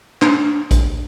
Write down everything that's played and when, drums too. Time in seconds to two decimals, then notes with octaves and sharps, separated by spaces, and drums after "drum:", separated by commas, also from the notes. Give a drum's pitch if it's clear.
0.22 D4, drum: clap
0.71 drum: kick, hi-hat